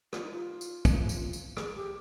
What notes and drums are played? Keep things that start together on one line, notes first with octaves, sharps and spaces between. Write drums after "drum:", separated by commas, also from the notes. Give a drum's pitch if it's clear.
F4, drum: rim click
D#4
F4
drum: tambourine
drum: kick, tambourine
drum: tambourine
drum: tambourine
G#4, drum: rim click
G4